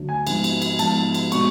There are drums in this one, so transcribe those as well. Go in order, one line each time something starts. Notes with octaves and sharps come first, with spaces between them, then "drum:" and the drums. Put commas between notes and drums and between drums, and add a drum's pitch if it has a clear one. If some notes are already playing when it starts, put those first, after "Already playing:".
Already playing: D2 D3 F#3 A3
G#5
G#2 F3 B3, drum: cymbal
drum: cymbal
drum: cymbal
G#2 F3 B3 A5, drum: cymbal
drum: cymbal
B2 G#3 B3 D4 C#6, drum: cymbal